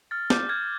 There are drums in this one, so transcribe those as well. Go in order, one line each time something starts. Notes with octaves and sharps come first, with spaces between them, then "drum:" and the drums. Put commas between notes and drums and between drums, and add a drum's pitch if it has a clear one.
F6 A6
D6 G6, drum: snare B3
F6 G#6